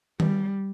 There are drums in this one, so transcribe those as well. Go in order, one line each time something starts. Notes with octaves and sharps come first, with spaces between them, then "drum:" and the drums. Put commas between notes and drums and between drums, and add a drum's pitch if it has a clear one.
G3, drum: tom D#3